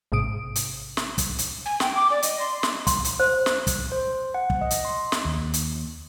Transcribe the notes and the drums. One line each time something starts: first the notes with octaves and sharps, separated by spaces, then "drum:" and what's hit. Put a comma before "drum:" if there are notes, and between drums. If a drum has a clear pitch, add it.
A1 G#2 C3 D#6 D7
drum: hi-hat
drum: snare
drum: kick, hi-hat
drum: hi-hat
G#5
G5, drum: snare
D6
D5
D#5, drum: hi-hat
C6
drum: snare
C6, drum: kick, hi-hat
drum: hi-hat
C5
drum: snare
drum: kick, hi-hat
C5
F#5
drum: kick
D#5
drum: hi-hat
C6
drum: snare
D#2
drum: hi-hat